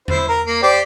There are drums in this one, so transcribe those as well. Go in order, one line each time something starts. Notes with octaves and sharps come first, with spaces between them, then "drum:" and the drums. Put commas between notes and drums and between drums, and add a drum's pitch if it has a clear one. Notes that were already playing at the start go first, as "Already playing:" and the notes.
E4 C5, drum: tom E2
A#4
A#3
G4 C5 D5